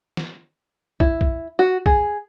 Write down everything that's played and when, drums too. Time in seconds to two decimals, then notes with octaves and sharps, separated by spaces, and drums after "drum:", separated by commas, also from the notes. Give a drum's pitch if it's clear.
0.17 drum: snare
1.00 E4, drum: kick
1.21 drum: kick
1.59 F#4
1.86 G#4, drum: kick